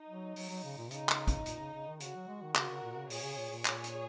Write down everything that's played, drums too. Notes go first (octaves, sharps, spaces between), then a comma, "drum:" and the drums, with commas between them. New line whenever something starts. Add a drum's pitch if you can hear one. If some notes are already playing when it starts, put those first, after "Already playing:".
Already playing: D#4
F#3
F#3, drum: open hi-hat
F#3
C#3
A#2
C#3 D#4, drum: hi-hat
drum: clap
drum: kick, hi-hat
A#2, drum: hi-hat
C#3
C#3
D#3
C#3 F#4, drum: hi-hat
F#3
G#3
D#3
C#3 F#4 A#4, drum: clap
C#3
A#2
C#3
A#2 G#4 C#5, drum: open hi-hat
C#3
A#2
A#2
A#2 G#4 C#5, drum: clap
drum: hi-hat